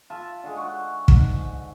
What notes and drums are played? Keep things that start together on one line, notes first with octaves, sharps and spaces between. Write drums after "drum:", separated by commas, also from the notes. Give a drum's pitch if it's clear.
F4 E5 A5
D3 G#3
F#4
G#2, drum: kick